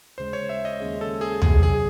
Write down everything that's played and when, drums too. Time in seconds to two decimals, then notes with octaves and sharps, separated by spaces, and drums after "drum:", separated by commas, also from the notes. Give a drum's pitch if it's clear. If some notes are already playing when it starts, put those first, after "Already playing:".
0.18 D#2 C#3 G#3 C5
0.33 C#5
0.49 E5
0.65 D#5
0.80 D#2 C#3 G#3
1.01 A4
1.21 G#4
1.42 C#2 C3 F#3 G#4, drum: tom
1.63 G#4